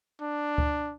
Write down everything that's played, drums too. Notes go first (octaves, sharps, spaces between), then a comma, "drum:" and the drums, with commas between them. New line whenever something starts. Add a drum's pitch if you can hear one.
D4
drum: kick C#2